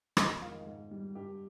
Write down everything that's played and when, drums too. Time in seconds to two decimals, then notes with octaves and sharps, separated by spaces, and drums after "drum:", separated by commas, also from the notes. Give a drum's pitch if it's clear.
0.17 F2 D#5, drum: rim click
0.42 D#3 G#3 F5
0.67 G#2
0.91 G3
1.15 G2 G4